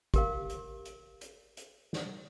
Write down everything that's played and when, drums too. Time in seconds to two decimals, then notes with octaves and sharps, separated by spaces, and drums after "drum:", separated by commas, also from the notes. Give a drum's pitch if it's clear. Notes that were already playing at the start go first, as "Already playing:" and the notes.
0.14 G4 A#4 F5, drum: kick, hi-hat
0.50 drum: hi-hat
0.85 drum: hi-hat
1.21 drum: hi-hat
1.57 drum: hi-hat
1.93 drum: snare